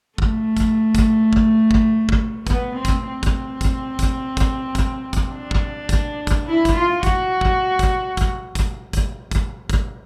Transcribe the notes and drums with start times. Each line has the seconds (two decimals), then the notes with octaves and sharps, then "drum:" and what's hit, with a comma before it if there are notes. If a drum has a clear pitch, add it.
0.18 A3, drum: kick
0.57 drum: kick, hi-hat
0.95 drum: kick, hi-hat
1.33 drum: kick
1.71 drum: kick
2.09 drum: kick
2.47 B3, drum: kick, hi-hat
2.75 C4
2.85 drum: kick, hi-hat
3.04 C4
3.23 drum: kick, hi-hat
3.61 drum: kick, hi-hat
3.99 drum: kick, hi-hat
4.37 drum: kick, hi-hat
4.75 drum: kick, hi-hat
5.13 drum: kick, hi-hat
5.32 D4
5.51 drum: kick
5.89 drum: kick, hi-hat
6.27 drum: kick, hi-hat
6.46 E4
6.65 drum: kick, hi-hat
6.74 F4
7.03 F#4, drum: kick, hi-hat
7.41 drum: kick
7.79 drum: kick, hi-hat
8.17 drum: kick, hi-hat
8.55 drum: kick, hi-hat
8.93 drum: kick, hi-hat
9.31 drum: kick, hi-hat
9.69 drum: kick, hi-hat